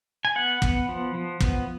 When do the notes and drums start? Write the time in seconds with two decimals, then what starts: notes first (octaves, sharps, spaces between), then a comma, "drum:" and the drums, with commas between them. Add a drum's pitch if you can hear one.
0.25 G#5
0.35 B3 F#5
0.62 B3, drum: kick
0.89 F3
1.15 F3
1.41 B3, drum: kick